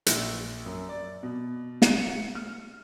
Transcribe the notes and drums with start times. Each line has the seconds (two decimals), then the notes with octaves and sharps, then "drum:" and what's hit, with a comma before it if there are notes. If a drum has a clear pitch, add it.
0.06 A#1, drum: hi-hat
0.66 F#2
0.89 D5
1.23 B2
1.82 drum: snare
2.01 C#7
2.35 F6